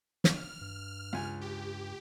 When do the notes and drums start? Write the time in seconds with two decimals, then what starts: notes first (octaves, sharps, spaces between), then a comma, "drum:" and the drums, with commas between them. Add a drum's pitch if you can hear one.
0.24 F6, drum: snare
0.61 G2
1.13 C#2 G#5
1.41 G4